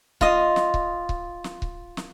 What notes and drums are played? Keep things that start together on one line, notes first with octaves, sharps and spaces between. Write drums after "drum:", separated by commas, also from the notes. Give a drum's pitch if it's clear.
F4 D#5, drum: kick C#1
drum: snare
drum: kick C#1
drum: kick C#1
drum: snare
drum: kick C#1
drum: snare